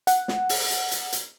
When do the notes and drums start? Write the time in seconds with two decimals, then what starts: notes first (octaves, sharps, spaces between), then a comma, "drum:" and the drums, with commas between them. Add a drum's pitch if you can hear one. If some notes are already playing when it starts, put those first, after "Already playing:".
0.07 F#5, drum: hi-hat
0.28 drum: snare
0.49 drum: open hi-hat
0.70 drum: hi-hat
0.91 drum: hi-hat
1.12 drum: hi-hat